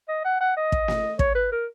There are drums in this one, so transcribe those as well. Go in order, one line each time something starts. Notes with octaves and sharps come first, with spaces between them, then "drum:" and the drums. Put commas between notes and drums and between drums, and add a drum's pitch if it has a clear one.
D#5
F#5
F#5
D#5
drum: kick
drum: snare
C#5, drum: kick
B4
A#4